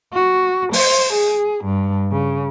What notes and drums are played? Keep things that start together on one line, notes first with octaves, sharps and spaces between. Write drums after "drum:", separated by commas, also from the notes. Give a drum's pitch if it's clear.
F#4
C5, drum: open hi-hat
G#4
G2
C#3